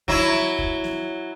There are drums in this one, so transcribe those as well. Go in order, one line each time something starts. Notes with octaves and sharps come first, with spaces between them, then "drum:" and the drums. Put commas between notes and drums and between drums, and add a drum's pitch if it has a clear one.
F#3 E4, drum: kick
drum: snare
drum: kick
drum: snare